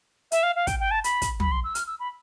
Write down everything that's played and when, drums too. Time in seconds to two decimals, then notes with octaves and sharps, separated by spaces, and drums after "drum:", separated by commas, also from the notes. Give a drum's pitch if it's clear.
0.32 E5, drum: hi-hat
0.43 F5
0.56 F5
0.67 G5, drum: kick, hi-hat
0.80 G5
0.91 A5
1.04 B5, drum: hi-hat
1.22 drum: kick, hi-hat
1.40 B5, drum: tom
1.52 C6
1.64 E6
1.75 F6, drum: hi-hat
1.87 E6
2.00 B5